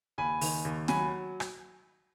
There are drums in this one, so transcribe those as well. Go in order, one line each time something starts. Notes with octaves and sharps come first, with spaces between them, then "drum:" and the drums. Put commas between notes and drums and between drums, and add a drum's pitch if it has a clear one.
D#2 G#5 B5
D#3, drum: open hi-hat
D#2
F#3 G#5 B5, drum: snare
drum: rim click